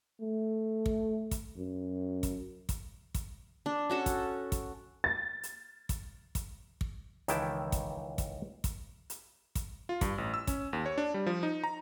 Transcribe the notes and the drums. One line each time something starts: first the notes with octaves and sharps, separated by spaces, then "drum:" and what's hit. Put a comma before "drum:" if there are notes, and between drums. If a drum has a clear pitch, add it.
A3
drum: kick
drum: kick, hi-hat
F#2
drum: kick, hi-hat
drum: kick, hi-hat
drum: kick, hi-hat
D4
C#4 F#4 A4
drum: kick, hi-hat
drum: kick, hi-hat
A6
drum: hi-hat
drum: kick, hi-hat
drum: kick, hi-hat
drum: kick
C#2 D#3 E3 E4 G5 A5, drum: hi-hat
drum: kick, hi-hat
drum: kick, hi-hat
drum: kick, hi-hat
drum: hi-hat
drum: kick, hi-hat
F4
G2, drum: kick, hi-hat
A1
E6
C#4, drum: kick, hi-hat
D#2
C#5
D4
G3
F3
D#4
A#5